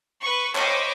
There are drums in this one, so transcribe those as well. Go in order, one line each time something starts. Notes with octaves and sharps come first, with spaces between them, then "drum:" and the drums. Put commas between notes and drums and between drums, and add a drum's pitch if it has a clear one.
B4 C#6
C5 C#5 D#5 B5 C#6 D6, drum: clap